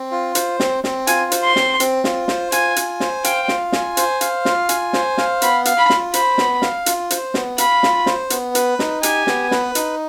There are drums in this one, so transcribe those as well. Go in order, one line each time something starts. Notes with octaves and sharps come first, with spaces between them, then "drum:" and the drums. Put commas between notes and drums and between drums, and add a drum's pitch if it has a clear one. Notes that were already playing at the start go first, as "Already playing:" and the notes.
Already playing: C4
F4
C5, drum: hi-hat
C4, drum: snare
C4, drum: snare
F4 G#5, drum: hi-hat
C5, drum: hi-hat
C6
C4, drum: snare
C4, drum: hi-hat
F4, drum: snare
C5, drum: snare
F4 G#5, drum: hi-hat
G#5, drum: hi-hat
C5, drum: snare
F5 G5, drum: hi-hat
F4, drum: snare
G#5, drum: snare
C5, drum: hi-hat
F5, drum: hi-hat
F4, drum: snare
G#5, drum: hi-hat
C5, drum: snare
F5, drum: snare
B3 B5, drum: hi-hat
F5, drum: hi-hat
B5
F4, drum: snare
C5 B5, drum: hi-hat
B3, drum: snare
F5, drum: snare
F4, drum: hi-hat
C5, drum: hi-hat
B3, drum: snare
F5 B5, drum: hi-hat
F4, drum: snare
C5, drum: snare
B3, drum: hi-hat
B4, drum: hi-hat
D#4, drum: snare
G4 G#5, drum: hi-hat
B3, drum: snare
B4, drum: snare
D#4, drum: hi-hat